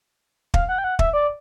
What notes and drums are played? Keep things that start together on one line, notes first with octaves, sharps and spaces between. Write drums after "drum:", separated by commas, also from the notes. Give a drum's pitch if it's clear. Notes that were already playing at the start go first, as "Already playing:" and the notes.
F5, drum: kick
F#5
G5
F#5
E5, drum: kick
D5